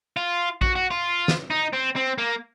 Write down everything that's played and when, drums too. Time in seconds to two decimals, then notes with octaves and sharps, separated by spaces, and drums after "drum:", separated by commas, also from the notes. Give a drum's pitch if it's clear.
0.17 F4
0.61 F#4, drum: kick A#1
0.76 F#4
0.91 F4
1.28 drum: snare
1.50 D#4
1.73 C4
1.96 C4
2.18 A#3